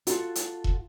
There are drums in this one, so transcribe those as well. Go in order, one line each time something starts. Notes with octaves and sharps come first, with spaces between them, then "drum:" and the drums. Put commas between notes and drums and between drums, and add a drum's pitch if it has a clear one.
F4 F#4 A4 F#5, drum: hi-hat
drum: hi-hat
drum: kick E1